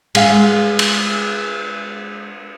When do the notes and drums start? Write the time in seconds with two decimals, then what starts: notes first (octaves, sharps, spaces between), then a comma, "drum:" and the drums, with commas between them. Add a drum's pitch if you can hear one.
0.15 G#3 F5, drum: cymbal
0.79 drum: cymbal